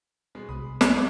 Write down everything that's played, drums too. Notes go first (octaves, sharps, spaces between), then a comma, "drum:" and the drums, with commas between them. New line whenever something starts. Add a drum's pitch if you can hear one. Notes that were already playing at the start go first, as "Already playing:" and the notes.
B2 G#3
C2 B5 D#6
F#3 C#4 G#5 B5 F7, drum: snare
F5 B5 C#6